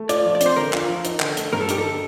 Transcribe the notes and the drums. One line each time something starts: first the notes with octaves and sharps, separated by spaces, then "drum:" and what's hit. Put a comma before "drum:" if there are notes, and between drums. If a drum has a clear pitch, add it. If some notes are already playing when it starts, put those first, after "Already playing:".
Already playing: A3
F4 D5, drum: hi-hat
F3
D5
C4, drum: hi-hat
C5
D3 A#4
F4, drum: clap
F3
D#4, drum: hi-hat
D3, drum: clap
A3, drum: hi-hat
G2 A#4
A4
D#4 G4, drum: hi-hat
A4
D3